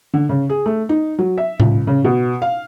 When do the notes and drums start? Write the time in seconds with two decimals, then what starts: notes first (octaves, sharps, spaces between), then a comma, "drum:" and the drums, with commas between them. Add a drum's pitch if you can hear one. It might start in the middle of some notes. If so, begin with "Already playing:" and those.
0.14 D3
0.29 C#3
0.49 G#4
0.66 A3
0.89 D#4
1.19 F#3
1.38 E5
1.60 C#2, drum: tom A2
1.87 C#3
2.04 B2
2.42 F5